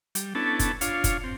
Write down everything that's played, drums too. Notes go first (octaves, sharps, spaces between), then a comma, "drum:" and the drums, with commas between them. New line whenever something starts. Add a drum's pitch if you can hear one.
G3, drum: hi-hat
B3 C#4 D4 E4 A4 A5
drum: kick, hi-hat
D4 F4 C#5 F5, drum: hi-hat
drum: kick, hi-hat
C4